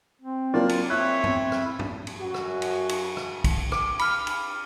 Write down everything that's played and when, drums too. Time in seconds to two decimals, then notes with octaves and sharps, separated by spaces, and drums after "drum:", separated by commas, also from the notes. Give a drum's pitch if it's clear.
0.22 C4
0.54 F#3 A#3 D4 F4 D5
0.69 drum: cymbal
0.90 C4 E4 C#5 E5 B5 F#6
1.24 C4, drum: tom G2
1.52 drum: rim click
1.79 drum: tom G2
2.07 drum: cymbal
2.21 F#2 F#4
2.34 drum: rim click
2.62 drum: cymbal
2.89 drum: cymbal
3.17 drum: rim click
3.44 drum: kick, cymbal
3.72 D6, drum: rim click
3.99 B5 F6, drum: cymbal
4.27 drum: cymbal